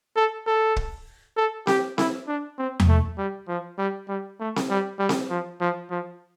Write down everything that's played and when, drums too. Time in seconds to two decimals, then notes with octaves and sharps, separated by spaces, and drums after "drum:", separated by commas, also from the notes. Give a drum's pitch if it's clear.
0.16 A4
0.47 A4
0.76 drum: kick
1.37 A4
1.67 G4, drum: snare C4
1.98 E4, drum: snare C4
2.28 D4
2.58 C4
2.80 drum: tom E2
2.89 A3
3.18 G3
3.48 F3
3.78 G3
4.09 G3
4.40 A3
4.56 drum: snare C4
4.70 G3
4.99 G3
5.09 drum: snare C4
5.30 F3
5.61 F3
5.90 F3